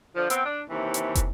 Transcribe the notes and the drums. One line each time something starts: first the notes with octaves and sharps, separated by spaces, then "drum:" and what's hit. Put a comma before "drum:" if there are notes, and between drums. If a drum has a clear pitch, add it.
D3 F3
B3 C4, drum: hi-hat
D4
D#2 C3 E3
drum: hi-hat
drum: kick, hi-hat